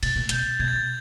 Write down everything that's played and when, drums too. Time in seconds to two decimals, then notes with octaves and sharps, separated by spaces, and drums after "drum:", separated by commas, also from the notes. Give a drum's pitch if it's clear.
0.03 B2 A6, drum: cymbal
0.16 A#2
0.29 B2 G6, drum: hi-hat
0.60 B2 G#6
0.68 A6
0.76 G#6